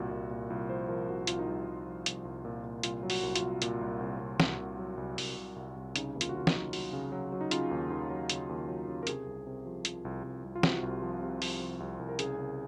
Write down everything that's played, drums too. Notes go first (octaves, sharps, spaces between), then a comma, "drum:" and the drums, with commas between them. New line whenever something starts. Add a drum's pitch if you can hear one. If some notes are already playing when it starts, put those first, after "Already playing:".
Already playing: C2 A#2 F#4
C2
A#2
C2 F4
F3 C5
F3 A#4
C2 F#4
C2 F4, drum: hi-hat
D#4
C2
D#4
C2
F3
C2, drum: hi-hat
C2
A#2
A#2
C2 F4, drum: hi-hat
F#3
F#4, drum: open hi-hat
C2
F4, drum: hi-hat
C2
A#2, drum: hi-hat
C2
C2
C2
C2 F#4, drum: snare
C2
F#3
C2
C2, drum: open hi-hat
C2
C2
C2
C#3 D#4, drum: hi-hat
D#2
F4, drum: hi-hat
F#4
D#2 F4
D#4, drum: snare
F#3
F#3, drum: open hi-hat
C#3
F#3
F#3
D#4
C#3 F4, drum: hi-hat
D#2
D#2
F#3
C#3, drum: hi-hat
D#2
F#3
C#3
A#4
C3 G#4, drum: hi-hat
C2
C3
F3
F3, drum: hi-hat
C2
C2
C2
F4
C3 F#4, drum: snare
C2
F3
C3
F3, drum: open hi-hat
F3
C2
C2
A#4
C#3 G#4, drum: hi-hat
C#3